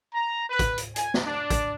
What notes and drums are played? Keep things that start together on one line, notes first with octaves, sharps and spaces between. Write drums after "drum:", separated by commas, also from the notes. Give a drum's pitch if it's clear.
A#5
B4
drum: kick, hi-hat
drum: hi-hat
G#5, drum: hi-hat
drum: snare
D4
drum: kick, hi-hat